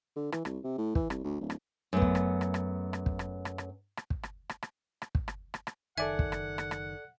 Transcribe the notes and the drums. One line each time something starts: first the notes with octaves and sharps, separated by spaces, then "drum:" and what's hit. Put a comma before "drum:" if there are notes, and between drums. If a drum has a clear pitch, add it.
D3
E3, drum: rim click
C2, drum: rim click
C3
A2
E3, drum: kick
C2, drum: rim click
D2
D1
drum: rim click
F#2 A3 B3
drum: kick
drum: rim click
drum: rim click
drum: rim click
drum: rim click
drum: kick
drum: rim click
drum: rim click
drum: rim click
drum: rim click
drum: kick
drum: rim click
drum: rim click
drum: rim click
drum: rim click
drum: kick
drum: rim click
drum: rim click
drum: rim click
F#1 D#3 A4 D5 E5 F#5 G#5 G#6
drum: kick
drum: rim click
drum: rim click
drum: rim click